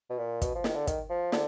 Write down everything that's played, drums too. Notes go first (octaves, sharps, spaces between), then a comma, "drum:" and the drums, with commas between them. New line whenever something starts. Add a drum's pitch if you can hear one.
B2
A#2
B2, drum: kick, hi-hat
F3
D#3, drum: snare
D3
D#3, drum: kick, hi-hat
F3
D3, drum: snare